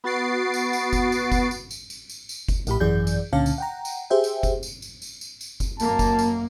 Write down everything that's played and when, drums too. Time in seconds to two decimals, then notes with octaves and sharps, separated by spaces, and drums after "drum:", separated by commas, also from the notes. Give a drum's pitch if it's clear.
0.04 B3 F#4 A6 C7 D7
0.54 drum: tambourine
0.73 drum: tambourine
0.93 drum: kick F#1, tambourine
1.12 drum: tambourine
1.32 drum: kick F#1, tambourine
1.51 drum: tambourine
1.71 drum: tambourine
1.90 drum: tambourine
2.10 drum: tambourine
2.29 drum: tambourine
2.48 drum: kick F#1, tambourine
2.67 A#1 A2 G4 B5, drum: tambourine
2.80 G#1 F#2 E3 G#4 D5 G6
3.07 drum: tambourine
3.33 C#2 A#2 D3 C#4 F5 A5
3.46 drum: tambourine
3.58 F#5 G5 A#5
3.85 drum: tambourine
4.10 G4 G#4 C5 E5 G5
4.24 drum: tambourine
4.43 drum: kick F#1, tambourine
4.63 drum: tambourine
4.82 drum: tambourine
5.02 drum: tambourine
5.21 drum: tambourine
5.41 drum: tambourine
5.60 drum: kick F#1, tambourine
5.80 F#2 A#3 A5, drum: tambourine
5.99 drum: kick F#1, tambourine
6.19 drum: tambourine